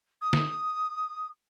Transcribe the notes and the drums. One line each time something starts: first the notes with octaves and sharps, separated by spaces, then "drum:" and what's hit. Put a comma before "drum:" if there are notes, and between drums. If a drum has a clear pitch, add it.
D#6
drum: snare